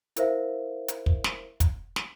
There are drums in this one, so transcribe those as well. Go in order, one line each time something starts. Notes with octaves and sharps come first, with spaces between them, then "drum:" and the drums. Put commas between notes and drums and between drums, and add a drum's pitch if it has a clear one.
E4 A#4 C5 E5 F5, drum: hi-hat
drum: hi-hat
drum: kick
drum: snare
drum: kick, hi-hat
drum: snare